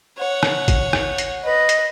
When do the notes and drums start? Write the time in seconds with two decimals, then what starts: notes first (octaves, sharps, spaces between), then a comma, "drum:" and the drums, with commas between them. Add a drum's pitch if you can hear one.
0.18 C#5 F#5
0.43 drum: rim click
0.68 drum: kick, hi-hat
0.93 drum: rim click
1.18 drum: hi-hat
1.44 B4 D#5
1.69 drum: hi-hat